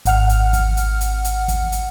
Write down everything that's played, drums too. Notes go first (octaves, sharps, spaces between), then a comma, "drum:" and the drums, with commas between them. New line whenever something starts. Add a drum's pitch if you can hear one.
G#1 F#5 F6, drum: hi-hat
drum: hi-hat
drum: kick, hi-hat
drum: hi-hat
drum: hi-hat
drum: hi-hat
drum: kick, hi-hat
drum: hi-hat